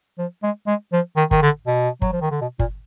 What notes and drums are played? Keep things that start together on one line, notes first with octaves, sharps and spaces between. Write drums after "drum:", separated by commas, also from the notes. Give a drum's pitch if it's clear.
F3
G#3
G#3
F3
D#3
D#3, drum: kick G1
D3
B2
F#3, drum: kick G1
F3
D#3
D3
B2
A#2, drum: kick G1